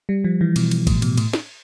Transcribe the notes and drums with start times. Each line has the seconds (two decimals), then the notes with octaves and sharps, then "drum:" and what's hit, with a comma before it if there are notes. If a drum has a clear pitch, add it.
0.09 G3
0.24 F3
0.41 E3
0.56 B2, drum: cymbal
0.71 drum: cymbal
0.87 A2, drum: kick A1, cymbal
1.02 B2, drum: cymbal
1.17 A2, drum: cymbal
1.33 drum: snare